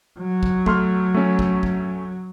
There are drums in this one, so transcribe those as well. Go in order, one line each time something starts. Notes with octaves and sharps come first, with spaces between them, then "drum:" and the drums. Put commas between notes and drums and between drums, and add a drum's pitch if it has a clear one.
F#3
drum: kick
A3 C6 F6, drum: kick
A3 C#4
drum: kick
drum: kick